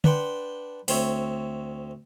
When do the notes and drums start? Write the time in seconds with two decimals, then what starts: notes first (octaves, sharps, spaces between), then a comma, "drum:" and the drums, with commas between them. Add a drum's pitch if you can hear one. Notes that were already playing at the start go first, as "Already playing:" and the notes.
0.04 D4 B4 F#5 G5 C6, drum: tom
0.88 D2 C4 C#5 E5, drum: open hi-hat